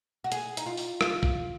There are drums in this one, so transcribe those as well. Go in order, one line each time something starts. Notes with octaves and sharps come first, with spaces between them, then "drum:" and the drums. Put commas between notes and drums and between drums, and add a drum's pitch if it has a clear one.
F#4
G#4, drum: hi-hat
D#4, drum: hi-hat
F4
drum: open hi-hat
F4, drum: rim click
drum: kick